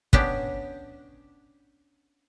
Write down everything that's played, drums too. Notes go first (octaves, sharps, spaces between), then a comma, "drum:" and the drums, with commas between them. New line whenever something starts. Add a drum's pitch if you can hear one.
B3 C#4 D4 G4, drum: kick